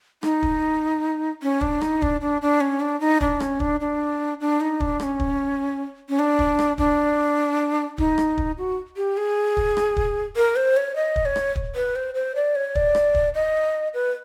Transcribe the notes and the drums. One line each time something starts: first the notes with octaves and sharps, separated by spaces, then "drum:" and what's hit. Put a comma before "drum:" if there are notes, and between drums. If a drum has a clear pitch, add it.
D#4, drum: rim click
drum: kick
C#4
D4, drum: kick
D#4, drum: rim click
D4, drum: kick
D4
D4
C#4
D4
D#4
D4, drum: kick
C#4, drum: rim click
D4, drum: kick
D4
D4
D#4
D4, drum: kick
D4, drum: rim click
C#4
drum: kick
C#4
D4
drum: kick
drum: rim click
D4, drum: kick
D#4, drum: kick
drum: rim click
drum: kick
F#4
G4
G#4
drum: kick
drum: rim click
drum: kick
A#4
C5
C#5
D#5
drum: kick
C#5
drum: rim click
drum: kick
B4
C5
C5
D5
C#5
D5, drum: kick
drum: rim click
drum: kick
D#5
B4